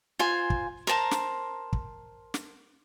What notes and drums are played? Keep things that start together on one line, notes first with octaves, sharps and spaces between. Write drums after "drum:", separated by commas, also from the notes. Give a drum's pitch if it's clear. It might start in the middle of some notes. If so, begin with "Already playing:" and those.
F4 C5 G#5
drum: kick
A#4 C5 A5 A#5
drum: snare
drum: kick
drum: snare